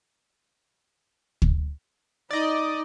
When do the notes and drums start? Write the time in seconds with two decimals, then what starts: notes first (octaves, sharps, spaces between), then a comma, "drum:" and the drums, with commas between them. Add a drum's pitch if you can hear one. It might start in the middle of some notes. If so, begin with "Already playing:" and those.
1.42 drum: kick D2
2.30 D#4 D5 D#5